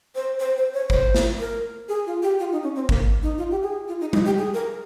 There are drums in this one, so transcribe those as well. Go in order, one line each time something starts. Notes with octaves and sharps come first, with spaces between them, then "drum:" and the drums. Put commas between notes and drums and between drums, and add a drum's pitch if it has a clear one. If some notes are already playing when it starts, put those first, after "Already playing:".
C5
C5
C5
C#5
C5, drum: kick G#1
drum: snare
A#4
G#4
F4
G4
F4
D#4
C#4
C4
A#3, drum: kick G#1
D#4
F4
G4
G#4
F4
D#4
D#4, drum: tom G3
G4
G#4
A#4